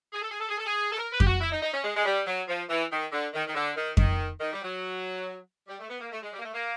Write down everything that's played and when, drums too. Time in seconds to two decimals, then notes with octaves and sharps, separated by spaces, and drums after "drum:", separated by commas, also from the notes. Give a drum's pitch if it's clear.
0.13 G#4
0.22 A4
0.31 G#4
0.40 A4
0.49 G#4
0.58 A4
0.66 G#4
0.92 A4
0.99 A#4
1.13 B4
1.20 G4, drum: kick F2
1.27 F#4
1.41 E4
1.52 D#4
1.62 D#4
1.73 C#4
1.84 G#3
1.96 G#3
2.05 G3
2.26 F#3
2.48 F3
2.69 E3
2.91 D#3
3.12 D3
3.33 D#3
3.46 D#3
3.55 D3
3.76 D#3
3.97 D#3, drum: kick F2
4.40 D#3
4.53 G3
4.62 F#3
5.68 G3
5.79 A3
5.90 B3
6.01 A#3
6.11 A3
6.22 G#3
6.33 G3
6.39 A#3
6.43 A3
6.54 A#3